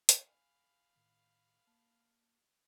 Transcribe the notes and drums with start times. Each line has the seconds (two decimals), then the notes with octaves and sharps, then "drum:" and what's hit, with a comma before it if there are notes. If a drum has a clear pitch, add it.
0.09 drum: hi-hat
0.22 F5 G#5 B5
0.96 A2 D#3
1.67 A#3 A5 F6